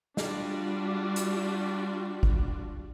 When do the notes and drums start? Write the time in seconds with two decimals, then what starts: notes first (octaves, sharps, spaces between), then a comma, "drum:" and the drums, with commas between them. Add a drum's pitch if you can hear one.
0.17 G3 D4 F4 F#4, drum: snare
1.16 drum: hi-hat
2.23 drum: kick